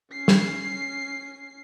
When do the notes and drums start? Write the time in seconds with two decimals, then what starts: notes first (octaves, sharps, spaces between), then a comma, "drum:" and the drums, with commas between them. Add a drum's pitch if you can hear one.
0.12 C#4 C7
0.28 drum: snare